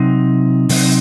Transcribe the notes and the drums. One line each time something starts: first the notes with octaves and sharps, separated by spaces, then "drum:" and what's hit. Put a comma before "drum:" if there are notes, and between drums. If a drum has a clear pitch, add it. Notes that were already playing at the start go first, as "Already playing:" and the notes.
Already playing: C3 F#3 C4 D#4
C3 F#3 C4 D#4, drum: open hi-hat